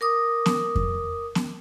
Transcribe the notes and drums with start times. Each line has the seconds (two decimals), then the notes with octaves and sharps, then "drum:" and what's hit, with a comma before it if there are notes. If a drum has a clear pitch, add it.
0.01 A#4 D6 D#6
0.46 drum: snare B3
0.75 drum: kick F2
1.35 drum: snare B3